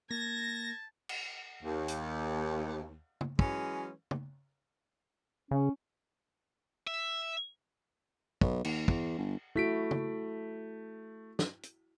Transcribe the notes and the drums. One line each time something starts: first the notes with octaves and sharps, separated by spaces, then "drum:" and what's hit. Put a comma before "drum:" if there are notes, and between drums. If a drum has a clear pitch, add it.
A#3 A5 G#6 A#6
drum: cymbal
D#2
drum: hi-hat
drum: tom
E3 F#3 G#3 C#4, drum: kick
drum: tom
C#3 C#4
E5
B1, drum: kick
D#2, drum: cymbal
E2, drum: kick
G1
A3 E4 F#4 B6 D7
drum: tom
drum: snare
drum: hi-hat